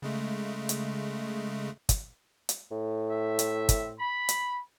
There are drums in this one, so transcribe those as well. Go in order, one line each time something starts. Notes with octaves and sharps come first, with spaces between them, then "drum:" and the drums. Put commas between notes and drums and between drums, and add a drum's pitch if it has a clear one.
C#3 G#3 A3
drum: hi-hat
drum: kick, hi-hat
drum: hi-hat
A2
C4 E5
drum: hi-hat
drum: kick, hi-hat
B5
drum: hi-hat